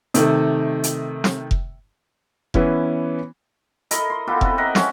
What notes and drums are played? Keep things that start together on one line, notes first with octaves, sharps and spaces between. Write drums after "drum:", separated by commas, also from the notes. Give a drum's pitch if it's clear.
C3 D#3 A3, drum: hi-hat
drum: hi-hat
drum: snare
drum: kick F1
E3 B3 C#4 E4, drum: kick F1
E4 A4 A#4 D#5, drum: hi-hat
C6
B3 F4 G4 A4
C4 E4 A4 B4, drum: kick F1
A#4 D#5 E5 F#5
C#4 A5, drum: snare